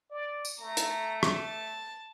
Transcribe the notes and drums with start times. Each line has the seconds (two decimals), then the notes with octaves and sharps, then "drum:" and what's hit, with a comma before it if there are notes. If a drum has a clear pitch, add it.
0.11 D5
0.45 drum: tambourine
0.61 A3 A#5
0.77 drum: hi-hat
1.23 A5, drum: rim click